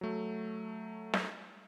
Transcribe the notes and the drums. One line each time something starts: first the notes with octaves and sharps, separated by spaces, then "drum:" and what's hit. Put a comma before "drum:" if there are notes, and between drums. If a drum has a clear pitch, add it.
F#3 A3
drum: snare